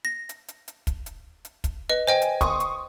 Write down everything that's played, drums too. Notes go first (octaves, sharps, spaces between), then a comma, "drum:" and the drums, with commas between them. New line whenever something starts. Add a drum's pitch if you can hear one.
A#6
drum: hi-hat
drum: hi-hat
drum: hi-hat
drum: kick, hi-hat
drum: hi-hat
drum: hi-hat
drum: kick, hi-hat
B4 D#5
C5 D#5 G5 G#5
drum: hi-hat
C6 C#6 D#6, drum: kick, hi-hat
drum: hi-hat